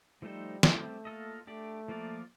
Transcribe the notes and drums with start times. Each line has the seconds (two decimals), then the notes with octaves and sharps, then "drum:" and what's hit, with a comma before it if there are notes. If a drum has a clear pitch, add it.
0.22 F3 G3 A3 D#4 A4 C5
0.63 G3 A3 C4 G4, drum: snare
1.05 A#3 F4 A4 D#5
1.47 A3 D4 G4 D5
1.88 F3 A#3 F4 A#4 D5